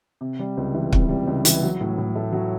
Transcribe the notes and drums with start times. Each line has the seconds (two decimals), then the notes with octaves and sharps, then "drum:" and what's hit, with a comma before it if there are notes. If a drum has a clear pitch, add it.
0.21 C3
0.39 G3
0.57 C#2
0.74 E3
0.93 C3, drum: kick
1.09 G3
1.27 C#2
1.45 E3, drum: hi-hat
1.62 F#3
1.81 A2
1.98 A2
2.15 A3
2.32 F#3